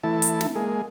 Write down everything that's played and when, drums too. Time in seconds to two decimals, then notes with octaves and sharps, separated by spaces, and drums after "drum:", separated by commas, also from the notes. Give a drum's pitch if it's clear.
0.03 E3 A3 E4 A5
0.22 drum: hi-hat
0.41 drum: snare
0.55 G#3 A#3 G#4